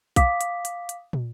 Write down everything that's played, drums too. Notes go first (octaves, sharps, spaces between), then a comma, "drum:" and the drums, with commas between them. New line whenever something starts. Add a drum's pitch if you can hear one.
F5 D6 D#6 B6, drum: kick B1, hi-hat
drum: hi-hat
drum: hi-hat
drum: hi-hat
drum: tom